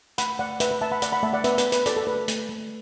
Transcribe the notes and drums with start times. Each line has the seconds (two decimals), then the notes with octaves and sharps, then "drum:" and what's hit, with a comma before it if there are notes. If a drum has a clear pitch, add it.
0.18 A3 F#5 B5, drum: hi-hat
0.39 A3 D5 F#5
0.60 A3 B4 E5, drum: hi-hat
0.71 B4
0.81 A3 E5 A5
0.92 F#5 B5
1.02 A3 D5 F#5, drum: hi-hat
1.12 F#5 B5
1.23 A3 E5 A5
1.33 D5 F#5
1.44 B3 B4 E5, drum: hi-hat
1.58 B4, drum: hi-hat
1.65 B3
1.72 B4, drum: hi-hat
1.86 F#4 A4 D5, drum: hi-hat
1.96 A4
2.07 A3 B4
2.28 A3, drum: hi-hat
2.49 A3